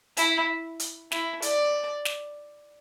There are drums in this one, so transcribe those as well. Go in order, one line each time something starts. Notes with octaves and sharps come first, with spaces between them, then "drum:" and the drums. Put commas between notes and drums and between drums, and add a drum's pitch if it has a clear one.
E4, drum: hi-hat
drum: hi-hat
E4, drum: snare
D5, drum: hi-hat
drum: snare